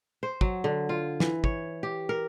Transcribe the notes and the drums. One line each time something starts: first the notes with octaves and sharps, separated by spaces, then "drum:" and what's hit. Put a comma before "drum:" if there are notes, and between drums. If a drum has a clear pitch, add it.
C5
F#3, drum: kick
D3
F4
E3, drum: snare
C#5, drum: kick
G4
A#4